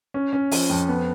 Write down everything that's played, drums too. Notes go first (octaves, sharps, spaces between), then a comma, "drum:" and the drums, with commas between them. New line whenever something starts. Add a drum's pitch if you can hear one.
C#4
C#4
F3, drum: open hi-hat
F2
B3